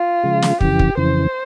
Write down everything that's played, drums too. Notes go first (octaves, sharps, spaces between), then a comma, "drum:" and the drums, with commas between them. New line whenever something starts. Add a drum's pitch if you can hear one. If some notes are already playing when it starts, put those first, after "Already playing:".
Already playing: F4
C#3 F3 G#3
drum: snare
F2 C#3 E3 G4, drum: kick
drum: kick
F2 C#3 E3 C5